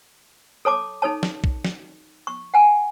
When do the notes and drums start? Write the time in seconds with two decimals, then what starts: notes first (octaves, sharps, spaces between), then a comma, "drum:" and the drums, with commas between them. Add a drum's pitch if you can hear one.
0.65 A4 C#5 A5 D6
1.02 D#4 A4 C#5 A5
1.23 drum: snare
1.44 drum: kick
1.65 drum: snare
2.27 C#6
2.54 F#5 G#5